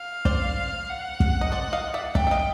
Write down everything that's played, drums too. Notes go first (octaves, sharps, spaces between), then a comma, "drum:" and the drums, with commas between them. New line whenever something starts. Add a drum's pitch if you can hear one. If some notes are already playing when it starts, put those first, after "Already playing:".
Already playing: F5
C5 D5, drum: kick
F#5
drum: kick
D#5
C5 D5
D#5 F5
D5 E5
D5 E5 G5, drum: kick
E5
D#5 F5